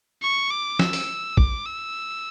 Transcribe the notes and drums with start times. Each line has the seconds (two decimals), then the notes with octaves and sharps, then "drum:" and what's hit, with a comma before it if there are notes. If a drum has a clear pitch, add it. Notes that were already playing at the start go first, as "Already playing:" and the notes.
0.22 C#6
0.51 D6
0.79 E6, drum: snare
0.93 drum: open hi-hat
1.37 D6, drum: kick
1.66 E6